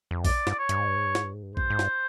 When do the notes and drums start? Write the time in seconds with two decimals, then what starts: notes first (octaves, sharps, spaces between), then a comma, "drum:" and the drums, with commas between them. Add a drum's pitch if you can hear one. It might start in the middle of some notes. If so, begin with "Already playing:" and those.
0.11 F2
0.25 F#2 D5, drum: kick A#1, open hi-hat
0.47 G2, drum: snare
0.50 D5
0.59 C#5
0.69 G2, drum: hi-hat
0.78 G#2
0.88 G2
0.96 G#2
1.06 G2
1.15 G#2, drum: snare
1.24 G2
1.34 G#2
1.43 G2
1.52 G#2
1.57 G2 C5, drum: kick A#1
1.70 G#2
1.79 G2, drum: snare